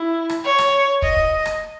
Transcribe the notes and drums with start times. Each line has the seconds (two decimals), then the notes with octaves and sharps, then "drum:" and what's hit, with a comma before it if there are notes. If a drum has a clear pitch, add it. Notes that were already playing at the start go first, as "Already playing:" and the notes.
Already playing: E4
0.29 drum: rim click
0.44 C#5
0.58 drum: rim click
1.02 D#5, drum: kick
1.16 drum: kick
1.45 drum: rim click